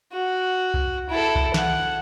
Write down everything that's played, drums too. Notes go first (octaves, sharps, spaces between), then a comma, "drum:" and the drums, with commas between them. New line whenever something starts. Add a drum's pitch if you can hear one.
F#4
drum: kick C2
E4 A4
drum: kick C2
F#5, drum: snare